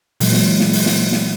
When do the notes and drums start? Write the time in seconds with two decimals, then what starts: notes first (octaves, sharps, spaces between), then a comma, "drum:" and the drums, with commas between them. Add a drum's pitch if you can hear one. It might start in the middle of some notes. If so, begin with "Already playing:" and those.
0.20 A#2 E3 F#3 G#3, drum: open hi-hat
0.34 drum: snare
0.60 drum: snare
0.73 drum: open hi-hat
0.86 drum: snare
1.12 drum: snare